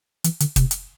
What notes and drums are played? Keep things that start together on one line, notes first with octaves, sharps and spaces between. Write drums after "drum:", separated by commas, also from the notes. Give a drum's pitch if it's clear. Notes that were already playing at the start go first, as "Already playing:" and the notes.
E3, drum: hi-hat
D3, drum: hi-hat
C3, drum: kick, hi-hat
drum: hi-hat